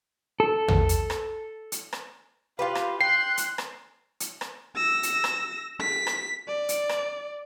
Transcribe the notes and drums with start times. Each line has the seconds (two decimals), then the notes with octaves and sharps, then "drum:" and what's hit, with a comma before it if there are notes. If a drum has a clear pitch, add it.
0.40 A4
0.68 drum: tom
0.89 drum: hi-hat
1.10 drum: rim click
1.72 drum: hi-hat
1.93 drum: rim click
2.59 F4 G4 B4 F5
2.75 drum: rim click
3.01 G5 C6 F#6 C7
3.37 drum: hi-hat
3.58 drum: rim click
4.20 drum: hi-hat
4.41 drum: rim click
4.76 E6 A#6
5.03 drum: hi-hat
5.24 drum: rim click
5.80 B6
6.07 drum: rim click
6.48 D5
6.69 drum: hi-hat
6.89 drum: rim click